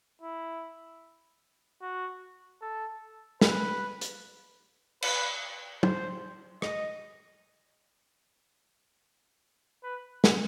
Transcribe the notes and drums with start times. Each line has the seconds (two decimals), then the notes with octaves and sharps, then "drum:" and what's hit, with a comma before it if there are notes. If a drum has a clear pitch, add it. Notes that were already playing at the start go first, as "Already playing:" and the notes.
0.22 E4
1.82 F#4
2.61 A4
3.41 B4, drum: snare
4.01 drum: hi-hat
5.02 B4, drum: cymbal
5.83 C5, drum: tom
6.62 D#5, drum: rim click
9.84 B4
10.24 drum: snare